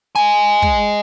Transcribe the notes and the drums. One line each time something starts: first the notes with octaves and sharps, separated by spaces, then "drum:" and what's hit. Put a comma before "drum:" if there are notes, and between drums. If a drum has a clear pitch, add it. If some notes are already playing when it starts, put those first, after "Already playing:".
D#5 G#5, drum: hi-hat
drum: kick